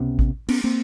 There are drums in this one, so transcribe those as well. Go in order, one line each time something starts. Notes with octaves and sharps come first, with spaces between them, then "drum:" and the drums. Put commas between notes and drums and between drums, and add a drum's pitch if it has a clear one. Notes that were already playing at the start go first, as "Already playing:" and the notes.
Already playing: C#2 C3 B3 C#4
drum: kick A1
B3 C#4, drum: cymbal
A#3 C4